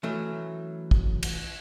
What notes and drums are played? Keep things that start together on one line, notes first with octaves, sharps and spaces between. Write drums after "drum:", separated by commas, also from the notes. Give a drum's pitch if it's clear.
E3 F#3 A3 C#4
drum: kick
drum: cymbal